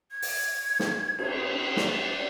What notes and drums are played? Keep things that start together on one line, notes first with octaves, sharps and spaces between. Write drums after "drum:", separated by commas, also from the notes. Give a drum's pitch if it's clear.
G#6
drum: open hi-hat
drum: snare
drum: cymbal
D5, drum: snare